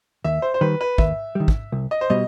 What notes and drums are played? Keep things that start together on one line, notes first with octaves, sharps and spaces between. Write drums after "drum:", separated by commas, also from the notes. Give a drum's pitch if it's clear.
D#2 E5
C5
C5
D#3 G3 B4
B4
D#2 E5, drum: kick
D#3 G3
drum: kick
C2
D#5
C5
B2 G3 D#5